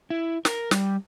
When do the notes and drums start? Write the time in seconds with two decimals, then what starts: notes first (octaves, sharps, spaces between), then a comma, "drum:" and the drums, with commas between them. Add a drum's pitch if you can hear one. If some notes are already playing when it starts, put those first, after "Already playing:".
0.10 E4
0.45 A#4, drum: snare
0.71 G3, drum: snare